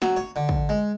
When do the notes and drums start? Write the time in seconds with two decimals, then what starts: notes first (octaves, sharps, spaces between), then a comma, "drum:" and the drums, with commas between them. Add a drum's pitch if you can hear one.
0.02 F#3, drum: snare
0.17 C#5
0.36 D3
0.49 drum: kick
0.69 G#3